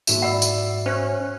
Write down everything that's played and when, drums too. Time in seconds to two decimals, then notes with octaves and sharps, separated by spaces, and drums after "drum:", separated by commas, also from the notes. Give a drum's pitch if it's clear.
0.07 D#2 G#2 E4 F#4 E5 E7, drum: tambourine
0.22 D5 F#5 B5 E6
0.42 drum: tambourine
0.86 C#4 C5 F6 F#6